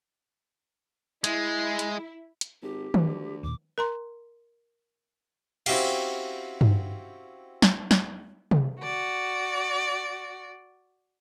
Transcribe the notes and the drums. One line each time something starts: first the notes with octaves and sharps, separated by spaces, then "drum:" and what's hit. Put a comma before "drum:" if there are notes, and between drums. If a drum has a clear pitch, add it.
G#3 E4, drum: hi-hat
drum: hi-hat
drum: hi-hat
G#1 G4
D2, drum: tom D#3
D#2 A#2 D6
A#4 A#5 C6
C4 C#4 E4 F#4 G4 F5, drum: cymbal
drum: tom G2
drum: snare
drum: snare
drum: tom C3
F#4 D5